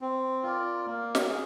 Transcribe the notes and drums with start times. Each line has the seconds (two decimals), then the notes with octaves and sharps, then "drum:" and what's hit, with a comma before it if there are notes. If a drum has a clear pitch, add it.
0.01 C4
0.43 F4 A#4 D5
0.87 A#3
1.15 drum: snare
1.28 G#4